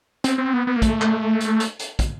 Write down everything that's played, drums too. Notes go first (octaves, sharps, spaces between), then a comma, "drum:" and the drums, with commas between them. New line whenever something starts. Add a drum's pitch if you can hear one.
C4, drum: hi-hat
C4
B3
B3
A#3
A3, drum: kick, hi-hat
drum: clap
drum: hi-hat
drum: hi-hat
drum: hi-hat
drum: kick, hi-hat